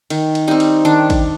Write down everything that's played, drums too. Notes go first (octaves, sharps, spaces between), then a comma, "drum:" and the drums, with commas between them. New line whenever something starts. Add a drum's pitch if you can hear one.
D#3, drum: cymbal
drum: cymbal
G3 C4 D#4
drum: cymbal
D#3 D4
drum: kick, cymbal